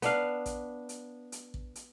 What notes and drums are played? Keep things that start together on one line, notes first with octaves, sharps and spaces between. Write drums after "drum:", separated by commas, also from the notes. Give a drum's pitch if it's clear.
B3 D4 F5, drum: hi-hat
drum: kick, hi-hat
drum: hi-hat
drum: hi-hat
drum: kick
drum: hi-hat